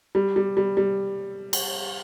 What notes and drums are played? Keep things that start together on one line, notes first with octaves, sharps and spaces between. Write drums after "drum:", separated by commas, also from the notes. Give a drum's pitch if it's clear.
G3
G3
G3
G3
drum: cymbal